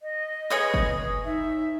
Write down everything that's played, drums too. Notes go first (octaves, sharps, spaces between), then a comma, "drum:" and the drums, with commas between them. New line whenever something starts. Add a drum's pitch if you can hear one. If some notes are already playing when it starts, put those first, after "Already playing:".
D#5
G#4 B4 C#5 D#6
drum: kick
D#4 E5